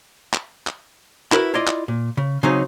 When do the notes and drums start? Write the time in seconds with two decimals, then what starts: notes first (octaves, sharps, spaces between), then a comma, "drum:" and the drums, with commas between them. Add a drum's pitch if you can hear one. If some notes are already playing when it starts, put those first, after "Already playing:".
0.33 drum: clap
0.67 drum: clap
1.32 E4 F#4 A#4 B4 E5, drum: clap
1.54 E4 F4 D5 D#5
1.67 drum: clap
1.88 A#2
2.17 C#3
2.43 C#3 F#3 C4 C#4 D#4 G#4